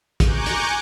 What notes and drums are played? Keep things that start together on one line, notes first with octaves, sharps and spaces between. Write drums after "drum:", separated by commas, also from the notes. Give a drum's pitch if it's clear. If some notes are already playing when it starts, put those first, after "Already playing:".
G#5 A#5 C#6 D6 F#6 G6, drum: kick, hi-hat
drum: hi-hat